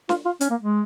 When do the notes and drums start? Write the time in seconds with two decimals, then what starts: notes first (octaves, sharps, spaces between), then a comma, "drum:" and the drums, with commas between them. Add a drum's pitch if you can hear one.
0.09 F4, drum: snare
0.25 F4
0.41 C#4, drum: hi-hat
0.50 A#3
0.61 G#3